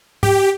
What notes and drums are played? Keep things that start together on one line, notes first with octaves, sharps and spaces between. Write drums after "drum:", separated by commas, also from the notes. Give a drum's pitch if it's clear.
G4, drum: tom